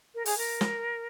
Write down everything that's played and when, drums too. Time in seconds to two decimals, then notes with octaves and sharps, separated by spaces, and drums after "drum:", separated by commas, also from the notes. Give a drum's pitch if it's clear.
0.14 A#4
0.26 G#4, drum: open hi-hat
0.37 A#4
0.61 drum: snare